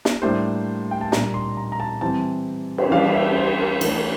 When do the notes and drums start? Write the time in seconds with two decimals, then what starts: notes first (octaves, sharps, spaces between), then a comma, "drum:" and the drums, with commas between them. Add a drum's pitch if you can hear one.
0.05 drum: snare
0.22 A2 G3 A#3 D4 C5
0.91 G5
1.01 A5
1.12 A#2 G3 A#3 D4 A#5, drum: snare
1.34 C6
1.57 A#5
1.72 A#5
1.80 A5
2.01 E3 G3 C4 A5
2.78 drum: cymbal
2.91 E3 G3 D4 F5
3.14 E5
3.36 C5
3.59 A#4
3.81 E3 A3 D4 A#4, drum: cymbal
3.97 A#4